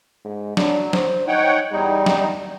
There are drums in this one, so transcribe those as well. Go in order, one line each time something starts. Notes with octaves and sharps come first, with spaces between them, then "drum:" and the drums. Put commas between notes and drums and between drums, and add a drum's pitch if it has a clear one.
G#2
F#3 D4, drum: snare
C5, drum: snare
D#4 C#5 F#5 G5
E2 G3 D#4
drum: snare